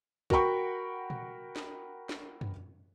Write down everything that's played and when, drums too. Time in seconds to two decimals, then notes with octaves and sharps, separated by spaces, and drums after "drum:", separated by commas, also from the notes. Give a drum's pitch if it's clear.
0.30 F#4 A#4 F#5 G5 B5 C#6, drum: kick
1.10 drum: tom A#2
1.56 drum: snare
2.09 drum: snare
2.41 drum: tom F#2